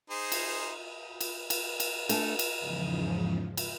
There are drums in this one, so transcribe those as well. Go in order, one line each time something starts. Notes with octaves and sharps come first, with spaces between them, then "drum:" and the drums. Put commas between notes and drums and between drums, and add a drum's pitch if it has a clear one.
D#4 G#4 C5
drum: cymbal
drum: cymbal
drum: cymbal
drum: cymbal
A3 D4 G#5 A5, drum: cymbal
drum: cymbal
E2 G#2 C#3 F3
drum: cymbal